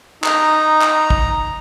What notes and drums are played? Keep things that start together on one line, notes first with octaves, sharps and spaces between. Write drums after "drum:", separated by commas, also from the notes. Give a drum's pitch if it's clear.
D#4 A#5, drum: clap
drum: clap
drum: kick